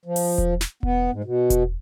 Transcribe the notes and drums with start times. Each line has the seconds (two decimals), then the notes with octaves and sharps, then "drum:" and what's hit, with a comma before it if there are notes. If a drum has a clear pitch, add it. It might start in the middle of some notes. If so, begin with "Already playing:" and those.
0.06 F3
0.16 drum: open hi-hat
0.38 drum: kick E1
0.61 drum: snare
0.83 B3, drum: kick E1
1.11 G#2
1.24 B2
1.50 drum: kick E1, hi-hat